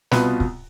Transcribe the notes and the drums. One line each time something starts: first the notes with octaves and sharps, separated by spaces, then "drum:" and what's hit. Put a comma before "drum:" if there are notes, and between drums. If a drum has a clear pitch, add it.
C2 B2 B3 F4 B4, drum: snare
drum: kick